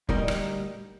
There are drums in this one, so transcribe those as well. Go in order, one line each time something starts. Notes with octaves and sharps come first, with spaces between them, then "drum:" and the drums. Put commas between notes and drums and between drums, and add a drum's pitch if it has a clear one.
D2 A#2 G3 D#4 A#4 D#5, drum: kick
drum: rim click